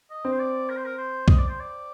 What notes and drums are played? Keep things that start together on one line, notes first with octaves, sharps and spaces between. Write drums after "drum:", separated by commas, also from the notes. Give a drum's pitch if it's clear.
D#5
C4
C5
D5
A#4
C5
A#4
C5
D#5, drum: kick B1
D5
C5
D5